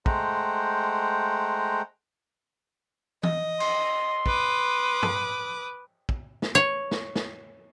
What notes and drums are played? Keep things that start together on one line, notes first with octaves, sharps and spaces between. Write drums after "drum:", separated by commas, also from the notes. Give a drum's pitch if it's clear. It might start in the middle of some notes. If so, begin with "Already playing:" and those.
G#3 A3 C5 F#5 G5 A#5, drum: kick
D#5, drum: tom E3
C6, drum: cymbal
B4 D6 D#6, drum: kick
drum: tom
drum: kick
drum: snare
C#5
drum: snare
drum: snare